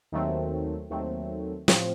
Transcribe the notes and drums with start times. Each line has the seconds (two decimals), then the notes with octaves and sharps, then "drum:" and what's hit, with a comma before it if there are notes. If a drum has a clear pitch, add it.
0.12 D#2 D#3 F#3 A3 C4
0.90 D#2 D#3 F#3 A3 C4
1.68 A2 F3 C4 F4, drum: snare